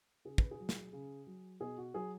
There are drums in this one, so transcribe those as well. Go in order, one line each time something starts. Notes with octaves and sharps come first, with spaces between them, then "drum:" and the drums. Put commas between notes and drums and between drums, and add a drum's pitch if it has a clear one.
C#3 G#4
B4, drum: kick
G#4
F#3
drum: snare
C#3
F#3
B2 G#4
F#4
F#3 G#4